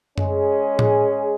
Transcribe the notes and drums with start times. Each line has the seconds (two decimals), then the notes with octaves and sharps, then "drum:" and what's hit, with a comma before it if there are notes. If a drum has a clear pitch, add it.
0.18 G#3 C#4 G#4, drum: tom F#2
0.79 drum: tom A2